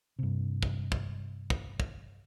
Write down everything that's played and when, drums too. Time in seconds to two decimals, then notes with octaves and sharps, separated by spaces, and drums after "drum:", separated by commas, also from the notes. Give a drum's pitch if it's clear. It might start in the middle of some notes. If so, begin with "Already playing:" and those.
0.19 G2 C3
0.63 drum: kick
0.92 drum: kick
1.50 drum: kick
1.80 drum: kick